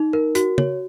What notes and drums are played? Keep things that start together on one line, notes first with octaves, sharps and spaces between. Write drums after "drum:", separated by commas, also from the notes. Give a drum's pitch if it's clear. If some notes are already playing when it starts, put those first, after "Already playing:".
Already playing: D#4
A#4
F#4, drum: hi-hat
C#5, drum: tom